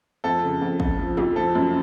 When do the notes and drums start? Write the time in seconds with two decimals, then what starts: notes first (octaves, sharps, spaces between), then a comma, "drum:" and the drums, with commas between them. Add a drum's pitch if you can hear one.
0.24 F2 A4
0.43 C#3
0.61 F2
0.80 F2, drum: kick
0.99 F3
1.17 F2, drum: tom
1.36 F3 A4
1.55 F#2